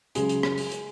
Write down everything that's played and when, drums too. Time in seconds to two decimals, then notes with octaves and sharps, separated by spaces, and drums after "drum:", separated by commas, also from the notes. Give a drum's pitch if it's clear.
0.15 C#2 C#3 F#3 G#3 G#4, drum: hi-hat
0.29 drum: hi-hat
0.43 drum: rim click
0.57 drum: open hi-hat
0.72 drum: hi-hat